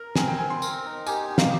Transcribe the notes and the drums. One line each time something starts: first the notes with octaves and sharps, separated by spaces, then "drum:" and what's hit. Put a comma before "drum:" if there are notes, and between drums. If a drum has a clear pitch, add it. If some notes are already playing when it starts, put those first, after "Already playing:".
Already playing: A#4 A#5
C4 G#5, drum: snare
G5
C4 G#5
C6
A#4, drum: tambourine
D#4
G4 G#5, drum: tambourine
D#4
F5, drum: snare